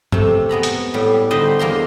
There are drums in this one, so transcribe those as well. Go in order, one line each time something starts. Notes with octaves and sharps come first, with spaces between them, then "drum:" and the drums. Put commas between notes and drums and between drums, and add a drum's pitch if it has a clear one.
C3 A3, drum: tom
G#3 B3 A#5 B5
drum: hi-hat
A2 G3
D3 G3 D#4 B4 C5 D#5
E2 A#3 A#5 C6